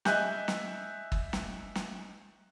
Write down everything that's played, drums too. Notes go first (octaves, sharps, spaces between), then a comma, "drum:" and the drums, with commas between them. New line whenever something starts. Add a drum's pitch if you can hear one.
D#5 E5 G#5 F#6 G6, drum: snare
drum: snare
drum: kick G1
drum: snare
drum: snare